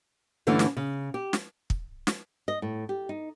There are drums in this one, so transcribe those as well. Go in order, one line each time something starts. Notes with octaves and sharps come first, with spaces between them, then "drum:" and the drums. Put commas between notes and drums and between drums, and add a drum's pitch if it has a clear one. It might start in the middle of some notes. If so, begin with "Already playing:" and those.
G2 D3 E3 A3 C#4
drum: snare
C#3
G4
drum: snare
drum: kick
drum: snare
D#5
A2
G4
D#4